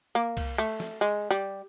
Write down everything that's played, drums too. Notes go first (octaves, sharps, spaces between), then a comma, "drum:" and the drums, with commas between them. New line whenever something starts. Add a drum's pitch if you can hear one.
A#3
drum: kick C2, cymbal
A3
drum: snare
G#3
G3